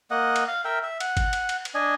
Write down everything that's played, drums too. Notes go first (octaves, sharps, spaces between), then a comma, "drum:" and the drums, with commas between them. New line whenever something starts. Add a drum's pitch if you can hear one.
A#3 D#5 F#5
drum: cymbal
F5
A#4 E5 G5
E5
F#5, drum: cymbal
drum: kick G1, cymbal
drum: cymbal
drum: cymbal
drum: cymbal
D4 D#5 G#5